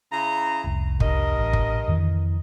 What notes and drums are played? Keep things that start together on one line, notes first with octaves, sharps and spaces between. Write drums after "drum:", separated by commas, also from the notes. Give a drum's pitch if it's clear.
C#3 E4 A#5
F1 C2
G2 A#4 D#5, drum: kick
A1
drum: kick
F2 D#3 E3